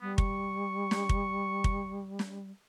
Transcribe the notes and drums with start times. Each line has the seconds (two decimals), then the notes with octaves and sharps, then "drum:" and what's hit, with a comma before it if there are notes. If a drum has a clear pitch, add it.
0.02 G3 B3
0.18 C#6, drum: kick
0.91 drum: snare
1.09 drum: kick
1.64 drum: kick
2.19 drum: snare